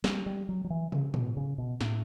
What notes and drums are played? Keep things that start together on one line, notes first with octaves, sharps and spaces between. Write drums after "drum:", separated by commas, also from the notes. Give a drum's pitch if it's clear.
G3, drum: snare
G3
F#3
F#3
E3
C#3, drum: tom
B2, drum: tom
C#3
B2
A2, drum: snare